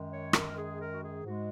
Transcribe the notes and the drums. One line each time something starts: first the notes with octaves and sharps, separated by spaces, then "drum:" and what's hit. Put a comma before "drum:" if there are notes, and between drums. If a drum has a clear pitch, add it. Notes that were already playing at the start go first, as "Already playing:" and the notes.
Already playing: F#2 D#3 G#3
C#5
A#4, drum: rim click
G#4
A#4
F#4
G#4
G#2 G#3 F#4